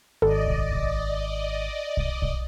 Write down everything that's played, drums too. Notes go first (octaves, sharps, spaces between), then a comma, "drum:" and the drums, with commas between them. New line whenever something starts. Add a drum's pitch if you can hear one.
G#1 A4 D5 D#5
drum: kick
drum: kick
drum: kick
drum: kick